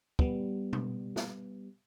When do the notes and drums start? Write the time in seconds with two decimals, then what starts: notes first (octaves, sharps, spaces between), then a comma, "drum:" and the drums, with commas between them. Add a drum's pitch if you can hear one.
0.19 G3 B3, drum: kick
0.73 drum: tom B2
1.16 drum: snare